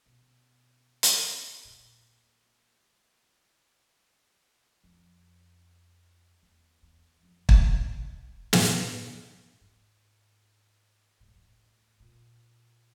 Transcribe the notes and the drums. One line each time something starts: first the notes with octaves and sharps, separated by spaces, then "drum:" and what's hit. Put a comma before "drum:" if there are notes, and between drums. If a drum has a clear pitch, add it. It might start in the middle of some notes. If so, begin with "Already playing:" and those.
B2
drum: hi-hat
A#2
F2
E2
E2
F2
F#2, drum: kick
F#2
G2
drum: snare
G#2
A#2
A2
G#2
A2
A#2